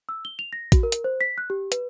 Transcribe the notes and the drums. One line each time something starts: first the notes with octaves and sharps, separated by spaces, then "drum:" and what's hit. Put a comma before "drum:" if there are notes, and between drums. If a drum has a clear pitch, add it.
E6
G7
F7
A#6
F#4, drum: kick, hi-hat
A#4
drum: hi-hat
C5
B6
F#6
G4
B4, drum: hi-hat